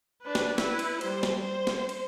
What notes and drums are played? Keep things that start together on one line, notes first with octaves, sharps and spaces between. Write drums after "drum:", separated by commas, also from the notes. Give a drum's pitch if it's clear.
D4 B4
drum: snare
E4 B4, drum: snare
drum: cymbal
G3 C5, drum: cymbal
drum: snare
C5
drum: snare
drum: cymbal